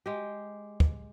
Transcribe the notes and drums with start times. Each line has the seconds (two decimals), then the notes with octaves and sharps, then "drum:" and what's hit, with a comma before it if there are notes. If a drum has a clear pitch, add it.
0.06 G#3 G4
0.80 drum: kick